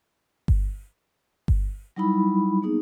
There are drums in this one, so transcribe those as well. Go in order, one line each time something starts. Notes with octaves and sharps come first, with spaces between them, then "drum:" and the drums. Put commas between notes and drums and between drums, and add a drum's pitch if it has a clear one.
drum: kick G1
drum: kick G1
F#3 G3 D#4 E4 B5
A#3 B3 D#4 G#4